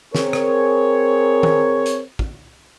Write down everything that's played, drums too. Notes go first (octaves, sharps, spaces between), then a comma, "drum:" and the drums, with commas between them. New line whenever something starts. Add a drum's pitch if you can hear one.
C4 G#4 A#4 C#5, drum: snare
drum: rim click
drum: tom D#3
drum: hi-hat
drum: kick